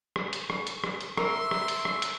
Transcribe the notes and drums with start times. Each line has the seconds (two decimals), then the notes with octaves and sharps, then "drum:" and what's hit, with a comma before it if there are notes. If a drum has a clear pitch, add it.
0.16 drum: rim click
0.33 drum: hi-hat
0.50 drum: rim click
0.67 drum: hi-hat
0.84 drum: rim click
1.01 drum: hi-hat
1.17 A#4 E5 C6, drum: rim click
1.51 drum: rim click
1.68 drum: hi-hat
1.85 drum: rim click
2.02 drum: hi-hat